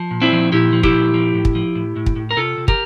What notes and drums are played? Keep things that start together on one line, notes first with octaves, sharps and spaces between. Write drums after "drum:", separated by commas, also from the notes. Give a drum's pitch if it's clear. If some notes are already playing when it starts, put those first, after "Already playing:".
Already playing: F3
A#2
C4 E4
F3
A#2 E4 G4
F3
E4 G4, drum: kick
A#2
F3
A2
drum: kick
F3
A2
A2
drum: kick
A2
A#4
C3 F4 A4
C3
G4 A#4, drum: kick